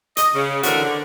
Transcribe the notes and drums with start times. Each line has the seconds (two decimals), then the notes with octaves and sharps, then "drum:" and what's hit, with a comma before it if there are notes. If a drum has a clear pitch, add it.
0.17 D#5, drum: hi-hat
0.34 C#3
0.63 D3 E3 A3 C4 F#4 A#4, drum: hi-hat
0.82 D3